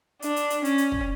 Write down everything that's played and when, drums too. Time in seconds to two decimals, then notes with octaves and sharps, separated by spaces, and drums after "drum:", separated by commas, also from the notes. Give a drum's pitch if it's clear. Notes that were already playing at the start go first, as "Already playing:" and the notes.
0.22 D4, drum: hi-hat
0.36 drum: hi-hat
0.50 drum: hi-hat
0.65 C#4, drum: hi-hat
0.78 drum: hi-hat
0.92 drum: kick